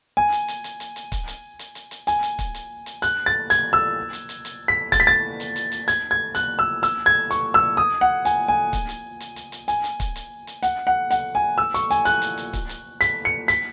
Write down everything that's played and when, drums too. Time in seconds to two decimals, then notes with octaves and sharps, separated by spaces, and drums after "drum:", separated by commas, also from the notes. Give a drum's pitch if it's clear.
0.17 G#5
0.32 drum: hi-hat
0.48 drum: hi-hat
0.64 drum: hi-hat
0.80 drum: hi-hat
0.96 drum: hi-hat
1.12 drum: kick, hi-hat
1.28 drum: hi-hat
1.59 drum: hi-hat
1.75 drum: hi-hat
1.91 drum: hi-hat
2.07 G#5, drum: hi-hat
2.23 drum: hi-hat
2.39 drum: kick, hi-hat
2.54 drum: hi-hat
2.86 drum: hi-hat
3.02 F#6, drum: hi-hat
3.26 A6
3.50 G#6, drum: hi-hat
3.73 E6
4.13 drum: hi-hat
4.29 drum: hi-hat
4.45 drum: hi-hat
4.68 B6
4.92 A6, drum: kick, hi-hat
5.00 B6
5.07 A6
5.40 drum: hi-hat
5.56 drum: hi-hat
5.72 drum: hi-hat
5.88 G#6, drum: hi-hat
6.11 G#6
6.35 F#6, drum: hi-hat
6.59 E6
6.83 E6, drum: hi-hat
7.06 G#6
7.31 C#6, drum: hi-hat
7.54 E6
7.77 D#6
8.01 F#5
8.25 G#5, drum: hi-hat
8.48 G#5
8.73 drum: kick, hi-hat
8.89 drum: hi-hat
9.20 drum: hi-hat
9.36 drum: hi-hat
9.52 drum: hi-hat
9.68 G#5, drum: hi-hat
9.84 drum: hi-hat
10.00 drum: kick, hi-hat
10.16 drum: hi-hat
10.47 drum: hi-hat
10.63 F#5, drum: hi-hat
10.87 F#5
11.11 F#5, drum: hi-hat
11.35 G#5
11.58 E6
11.74 C#6, drum: hi-hat
11.91 G#5, drum: hi-hat
12.05 F#6, drum: hi-hat
12.22 drum: hi-hat
12.38 drum: hi-hat
12.53 drum: kick, hi-hat
12.69 drum: hi-hat
13.01 B6, drum: hi-hat
13.25 C#7
13.48 B6, drum: hi-hat